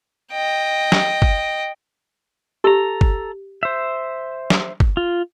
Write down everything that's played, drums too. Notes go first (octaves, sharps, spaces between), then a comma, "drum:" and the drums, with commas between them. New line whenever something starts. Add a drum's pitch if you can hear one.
D#5 G5
drum: snare
drum: kick G1
G4 A4 A#5
drum: kick G1
C5 E5
drum: snare
drum: kick G1
F4